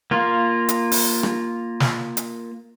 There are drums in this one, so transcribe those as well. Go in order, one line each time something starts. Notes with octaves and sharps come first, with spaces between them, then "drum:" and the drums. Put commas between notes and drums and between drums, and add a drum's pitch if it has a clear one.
A#3 F4
drum: hi-hat
drum: open hi-hat
drum: rim click
drum: snare
drum: hi-hat